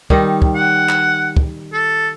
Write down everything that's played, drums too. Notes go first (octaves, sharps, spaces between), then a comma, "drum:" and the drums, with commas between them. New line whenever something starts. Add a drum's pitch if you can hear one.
D#3 G3 D#4, drum: kick
drum: kick
F#5
drum: clap
drum: kick
A4